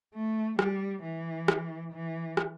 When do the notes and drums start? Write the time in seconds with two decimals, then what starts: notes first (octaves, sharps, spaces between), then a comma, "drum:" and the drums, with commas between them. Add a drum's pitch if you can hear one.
0.14 A3
0.59 G3, drum: rim click
1.03 E3
1.48 drum: rim click
1.92 E3
2.37 drum: rim click